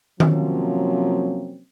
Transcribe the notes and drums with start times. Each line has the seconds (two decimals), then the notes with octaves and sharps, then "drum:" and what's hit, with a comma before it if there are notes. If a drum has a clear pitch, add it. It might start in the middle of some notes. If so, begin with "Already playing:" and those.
0.20 C3 F3 F#3 A#3 C4 C#4, drum: tom D#3